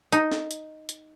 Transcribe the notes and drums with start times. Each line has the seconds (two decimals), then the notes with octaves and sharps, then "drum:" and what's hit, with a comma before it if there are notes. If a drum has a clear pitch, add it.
0.12 D#4, drum: hi-hat
0.32 drum: snare
0.51 drum: hi-hat
0.89 drum: hi-hat